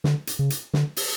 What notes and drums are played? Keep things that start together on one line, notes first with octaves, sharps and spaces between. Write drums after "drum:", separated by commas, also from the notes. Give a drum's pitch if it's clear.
D3, drum: snare
drum: hi-hat
C#3
drum: hi-hat
D3, drum: snare
drum: open hi-hat